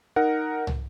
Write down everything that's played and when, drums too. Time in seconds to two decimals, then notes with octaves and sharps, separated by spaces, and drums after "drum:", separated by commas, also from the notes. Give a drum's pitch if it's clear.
0.16 D#4 A#4 F#5
0.67 drum: tom